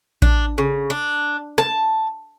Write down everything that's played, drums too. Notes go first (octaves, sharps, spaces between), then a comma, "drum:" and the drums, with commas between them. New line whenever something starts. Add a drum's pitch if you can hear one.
D4, drum: kick A1
C#3
D4
A5, drum: rim click